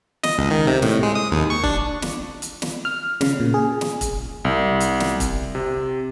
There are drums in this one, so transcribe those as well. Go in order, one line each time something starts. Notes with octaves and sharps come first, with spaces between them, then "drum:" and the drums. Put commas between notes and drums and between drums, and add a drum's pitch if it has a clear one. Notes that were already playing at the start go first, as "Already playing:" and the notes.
D#5, drum: snare
C#2
D#3
C3
A2, drum: snare
G#3
D#6
D#2
C#6
D4, drum: kick E1
drum: snare
drum: hi-hat
drum: snare
F6
C#3, drum: snare
A#2
G#4
drum: snare
drum: kick E1, hi-hat
C2
drum: hi-hat
drum: snare
drum: kick E1, hi-hat
C3